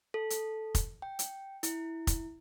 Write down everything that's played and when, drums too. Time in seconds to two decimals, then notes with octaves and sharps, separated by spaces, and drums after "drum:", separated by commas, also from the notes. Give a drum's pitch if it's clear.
0.14 A4
0.30 drum: hi-hat
0.75 drum: kick F1, hi-hat
1.02 G5
1.19 drum: hi-hat
1.63 E4, drum: hi-hat
2.07 drum: kick F1, hi-hat